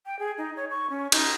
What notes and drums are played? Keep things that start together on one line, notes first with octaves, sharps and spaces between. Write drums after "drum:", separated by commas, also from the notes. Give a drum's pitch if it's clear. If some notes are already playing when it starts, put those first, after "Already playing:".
G5
G#4
D#4
C#5
C#6
C#4
D#4, drum: cymbal